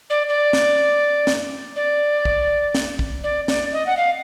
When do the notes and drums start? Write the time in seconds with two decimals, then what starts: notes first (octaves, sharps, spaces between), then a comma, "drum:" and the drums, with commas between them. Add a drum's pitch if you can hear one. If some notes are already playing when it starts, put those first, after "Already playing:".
0.10 D5
0.29 D5
0.53 drum: snare
1.27 drum: snare
1.76 D5
2.25 drum: kick
2.75 drum: snare
2.99 drum: kick
3.24 D5
3.48 D5, drum: snare
3.73 D#5
3.86 F#5
3.97 F5